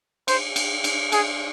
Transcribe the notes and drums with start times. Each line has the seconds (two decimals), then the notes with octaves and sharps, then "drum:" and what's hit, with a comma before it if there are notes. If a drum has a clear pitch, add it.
0.28 C5, drum: cymbal
0.56 drum: cymbal
0.84 drum: cymbal
1.12 G#4, drum: cymbal